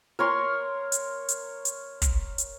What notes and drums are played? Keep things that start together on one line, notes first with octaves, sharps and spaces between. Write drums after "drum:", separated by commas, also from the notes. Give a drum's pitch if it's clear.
A#4 C#5 C6
drum: hi-hat
drum: hi-hat
drum: hi-hat
drum: kick, hi-hat
drum: hi-hat